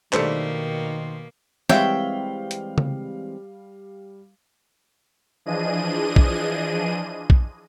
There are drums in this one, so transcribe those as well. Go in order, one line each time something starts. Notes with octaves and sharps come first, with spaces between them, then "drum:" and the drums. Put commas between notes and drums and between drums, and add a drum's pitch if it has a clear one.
B2 D#3 G3 A3 A#3 D4 C5 C#7, drum: clap
E3 G3 G#3 C4 C#5 E5 F5 G5, drum: snare
drum: hi-hat
drum: tom C#3
E3 F3 D4 G#4 D#5 D#7
drum: kick A#1
drum: kick A#1